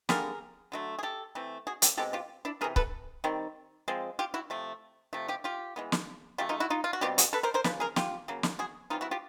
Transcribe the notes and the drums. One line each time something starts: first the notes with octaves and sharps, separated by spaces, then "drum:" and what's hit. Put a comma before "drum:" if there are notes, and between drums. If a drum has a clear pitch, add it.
D3 G3 A#3 G#4 A#4, drum: snare
D3 F#3 A3
G#4
G4 A4
E3 A3 C4
F#4 G#4
G4 A4, drum: hi-hat
B2 G#3 C4 G4 A4
F4 G4
D4 E4
C3 E3 A3 G#4 A#4
A4 B4, drum: kick C#1
D#3 G3 C4
F3 G#3 C4
F4 G4
E4 F#4
C3 F3 A3
C3 F3 A3
F4 G4
F4 G4
E3 G#3 B3
drum: snare
C#3 F#3 A3 F4 G4
D#4 F4
E4 F#4
D#4 F4
F4
F#4
B2 G3 C4 F4 G4
F#4 G#4, drum: hi-hat
A4 B4
A#4 C5
A#4 C5
C#3 F3 B4, drum: snare
G#4 A#4
F4 G4, drum: snare
C#3 F#3 A#3
drum: snare
F#4 G#4
E3 G3 C4 D#4 F4
E4 F#4
F4 G4